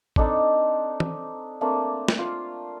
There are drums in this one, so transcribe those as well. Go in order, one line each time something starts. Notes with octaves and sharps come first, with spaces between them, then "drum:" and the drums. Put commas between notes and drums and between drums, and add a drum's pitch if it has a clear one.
C4 D4 D#4 A4, drum: kick A1
drum: tom
A3 A#3 C4 D4
drum: snare
F4 F5